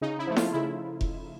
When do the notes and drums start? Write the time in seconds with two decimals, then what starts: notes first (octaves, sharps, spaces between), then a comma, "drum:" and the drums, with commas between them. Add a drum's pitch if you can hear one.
0.01 C#3 D#4
0.19 E4
0.27 F3 A3
0.36 F4, drum: snare E4
0.53 C#3 E4
1.01 drum: kick F1